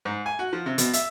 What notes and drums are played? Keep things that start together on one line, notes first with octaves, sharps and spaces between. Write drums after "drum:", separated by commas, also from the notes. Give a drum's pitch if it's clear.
G#2
G#5
F#4
F3
C3
B2, drum: hi-hat
E5, drum: hi-hat